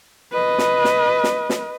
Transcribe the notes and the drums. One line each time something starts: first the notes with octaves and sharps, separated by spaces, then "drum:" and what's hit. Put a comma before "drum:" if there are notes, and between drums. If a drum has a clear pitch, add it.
B4 D#5
drum: snare
drum: snare
drum: snare
drum: snare